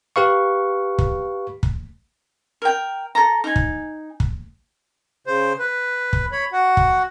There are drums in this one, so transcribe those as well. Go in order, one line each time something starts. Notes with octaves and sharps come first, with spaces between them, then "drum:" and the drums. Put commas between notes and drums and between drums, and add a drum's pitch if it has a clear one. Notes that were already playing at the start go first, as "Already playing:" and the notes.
G4 B4 F5 C#6
drum: kick
drum: kick
A#4 G5
A4 A#5
D#4 G#5
drum: kick
drum: kick
C#3 C5
B4
drum: kick
C#5 B5
F#4 F#5
drum: kick